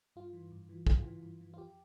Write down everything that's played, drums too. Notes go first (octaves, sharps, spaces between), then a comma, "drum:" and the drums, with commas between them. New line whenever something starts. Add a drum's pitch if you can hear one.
G2 F4
E3
G2
E3
G2 F4, drum: kick
E3
G2
E3
F4
F2 G4